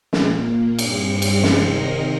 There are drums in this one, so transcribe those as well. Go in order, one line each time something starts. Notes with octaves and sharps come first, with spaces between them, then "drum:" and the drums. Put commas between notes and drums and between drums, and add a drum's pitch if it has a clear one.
A#2 A#3, drum: snare
G2 G3 C4, drum: cymbal
drum: cymbal
C3 D#3 C4 A#4 D#5, drum: snare